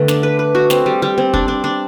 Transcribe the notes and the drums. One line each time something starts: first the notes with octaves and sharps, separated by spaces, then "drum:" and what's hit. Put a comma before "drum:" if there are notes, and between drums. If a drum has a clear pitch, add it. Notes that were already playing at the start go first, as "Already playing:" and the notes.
Already playing: D3 A3 B3
D4, drum: snare
B4
B4
F#4
C4, drum: snare
G3
G3
C4
D4, drum: kick
D4
D4